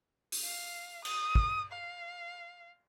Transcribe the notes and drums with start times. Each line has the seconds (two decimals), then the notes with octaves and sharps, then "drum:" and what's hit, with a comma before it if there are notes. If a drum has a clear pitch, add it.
0.32 drum: open hi-hat
0.45 F5
1.05 D#6, drum: cymbal
1.35 drum: kick
1.72 F5